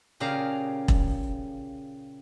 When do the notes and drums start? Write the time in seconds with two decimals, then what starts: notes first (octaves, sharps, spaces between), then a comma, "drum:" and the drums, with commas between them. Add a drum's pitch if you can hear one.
0.20 A#2 C#3 G4 G#4 F5 A#5
0.88 drum: kick E1